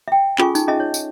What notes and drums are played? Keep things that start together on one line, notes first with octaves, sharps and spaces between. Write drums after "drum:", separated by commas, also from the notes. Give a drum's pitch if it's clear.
E5 G5
C#4 F4 G#4 A4 G#5 C#6, drum: clap
D#4, drum: tambourine
C#4 G#4 D#5 E5 A5
C#5
drum: tambourine